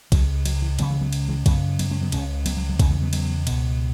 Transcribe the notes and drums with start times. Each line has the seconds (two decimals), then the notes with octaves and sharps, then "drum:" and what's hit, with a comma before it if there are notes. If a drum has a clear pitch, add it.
0.12 C#2 C#3 F#3, drum: kick B1, cymbal
0.45 F#3, drum: cymbal
0.62 E3
0.79 C#2 C#3 F#3 B3, drum: cymbal
0.90 E3 G#3
1.01 F#3 B3
1.13 drum: cymbal
1.29 E3 G#3
1.46 F#2 C#3 F#3 B3, drum: kick B1, cymbal
1.79 F#3 B3, drum: cymbal
1.91 G#3 C#4
2.01 F#3 B3
2.12 C#2 C#3 G#3 C#4, drum: cymbal
2.46 F#3 B3, drum: cymbal
2.57 F#3
2.69 F#3
2.79 E2 C#3 E3 G#3, drum: kick B1, cymbal
2.90 E3 G#3
3.02 F#3 B3
3.13 F#3 B3, drum: cymbal
3.47 C#2 B2, drum: cymbal